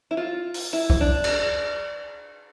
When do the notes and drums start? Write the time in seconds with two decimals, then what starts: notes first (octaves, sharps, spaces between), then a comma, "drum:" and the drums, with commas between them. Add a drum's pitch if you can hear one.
0.11 E4
0.17 F4
0.54 drum: open hi-hat
0.73 E4
0.90 drum: kick
1.01 D4
1.24 drum: cymbal